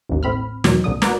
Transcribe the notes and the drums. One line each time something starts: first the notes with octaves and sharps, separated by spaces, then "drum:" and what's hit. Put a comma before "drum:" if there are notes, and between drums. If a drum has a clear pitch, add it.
A1 D#2
A2 C4 B5 F6
E2 B2 D#3 F#3, drum: snare
C2 A#2 D3 D#6
F#4 A#4 B4 D5 A#5, drum: snare